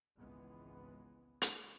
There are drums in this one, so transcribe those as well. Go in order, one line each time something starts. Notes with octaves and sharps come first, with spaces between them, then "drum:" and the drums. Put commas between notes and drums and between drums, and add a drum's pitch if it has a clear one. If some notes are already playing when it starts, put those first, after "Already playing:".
G#1 C#2 E3 G#3 B3
drum: hi-hat